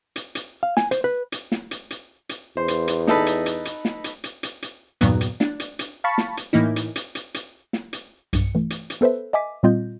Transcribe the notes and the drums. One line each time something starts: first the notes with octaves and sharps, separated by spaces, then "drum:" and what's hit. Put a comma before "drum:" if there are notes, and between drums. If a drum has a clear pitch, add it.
drum: hi-hat
drum: hi-hat
F5
G#5, drum: snare
C5, drum: hi-hat
B4
drum: hi-hat
drum: snare
drum: hi-hat
drum: hi-hat
drum: hi-hat
E2 C5
drum: hi-hat
drum: hi-hat
D#4 A4 B4, drum: snare
drum: hi-hat
drum: hi-hat
drum: hi-hat
drum: snare
drum: hi-hat
drum: hi-hat
drum: hi-hat
drum: hi-hat
E2 G2 A#2 D#3 F#3 B3, drum: hi-hat
drum: hi-hat
D4, drum: snare
drum: hi-hat
drum: hi-hat
F5 A5 B5 C#6
drum: snare
drum: hi-hat
A2 E3 A#3 D#4 E4
drum: hi-hat
drum: hi-hat
drum: hi-hat
drum: hi-hat
drum: snare
drum: hi-hat
B1 G2 C#7, drum: hi-hat
E3 A3
drum: hi-hat
drum: hi-hat
B3 A4 B4 C5 E5
D#5 E5 G#5 D6 B6
A#2 G3 C4 F4 D#5 G6